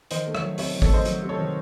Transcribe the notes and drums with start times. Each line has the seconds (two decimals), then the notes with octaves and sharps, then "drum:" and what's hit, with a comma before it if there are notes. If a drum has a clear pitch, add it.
0.11 D#3 C5 D#5, drum: hi-hat
0.27 A3
0.35 C#5 E5, drum: rim click
0.42 F#3
0.58 C3 C#5 E5, drum: open hi-hat
0.75 D#3
0.82 A4 C#5, drum: kick G#1
0.90 A3 C5 D#5
1.05 F#3, drum: hi-hat
1.22 C3
1.29 A4 C#5
1.38 D#3